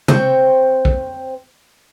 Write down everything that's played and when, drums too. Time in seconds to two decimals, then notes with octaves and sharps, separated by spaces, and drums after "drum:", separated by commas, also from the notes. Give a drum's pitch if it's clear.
0.08 C4 C5 C#5 G5, drum: tom
0.85 drum: kick